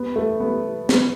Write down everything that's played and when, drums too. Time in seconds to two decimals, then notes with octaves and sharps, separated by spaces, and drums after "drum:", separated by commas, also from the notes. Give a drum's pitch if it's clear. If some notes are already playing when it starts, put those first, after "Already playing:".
Already playing: B3
0.16 A3
0.40 B3
0.89 drum: snare